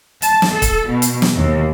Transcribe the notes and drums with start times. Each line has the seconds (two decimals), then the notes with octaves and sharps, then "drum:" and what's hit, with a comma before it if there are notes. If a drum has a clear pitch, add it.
0.22 A5, drum: hi-hat
0.42 drum: snare
0.52 A4
0.62 drum: kick, hi-hat
0.87 B2
1.02 drum: hi-hat
1.22 drum: snare
1.35 D#2